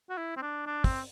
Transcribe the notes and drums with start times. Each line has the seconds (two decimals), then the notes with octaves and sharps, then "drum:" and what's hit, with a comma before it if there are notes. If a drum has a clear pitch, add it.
0.10 F#4
0.18 E4
0.37 C4
0.42 D4
0.66 D4
0.84 C4, drum: kick, open hi-hat